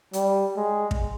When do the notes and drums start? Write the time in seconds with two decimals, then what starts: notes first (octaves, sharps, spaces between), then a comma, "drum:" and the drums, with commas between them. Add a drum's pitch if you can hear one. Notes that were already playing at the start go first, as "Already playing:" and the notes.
0.13 G3, drum: hi-hat
0.57 G#3
0.91 drum: kick